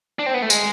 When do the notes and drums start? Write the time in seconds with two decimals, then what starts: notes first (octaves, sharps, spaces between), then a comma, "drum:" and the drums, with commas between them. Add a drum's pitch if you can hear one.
0.19 D4
0.26 C4
0.34 B3
0.42 A3
0.50 G#3, drum: tambourine